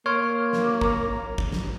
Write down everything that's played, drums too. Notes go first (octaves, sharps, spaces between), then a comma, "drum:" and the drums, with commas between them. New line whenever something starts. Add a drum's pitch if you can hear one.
A#3 C#5 C6 F6 D7
drum: snare
A#5, drum: kick
drum: kick
drum: snare